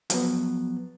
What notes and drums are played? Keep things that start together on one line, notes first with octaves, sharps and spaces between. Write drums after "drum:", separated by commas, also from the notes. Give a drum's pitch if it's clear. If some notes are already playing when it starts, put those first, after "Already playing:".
F3 F#3 B3, drum: hi-hat